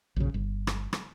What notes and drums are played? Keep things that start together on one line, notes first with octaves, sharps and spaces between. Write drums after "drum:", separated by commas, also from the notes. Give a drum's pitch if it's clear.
A#1 F#2 C#3
G1
drum: rim click
drum: rim click